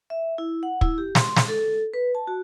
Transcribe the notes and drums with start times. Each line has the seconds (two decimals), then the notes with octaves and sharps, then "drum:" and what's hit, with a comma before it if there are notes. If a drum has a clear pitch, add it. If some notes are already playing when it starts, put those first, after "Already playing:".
0.10 E5
0.38 E4
0.63 F#5
0.81 E4, drum: kick
0.98 G4
1.15 C6, drum: snare
1.36 drum: snare
1.48 A4
1.94 B4
2.15 A5
2.27 F#4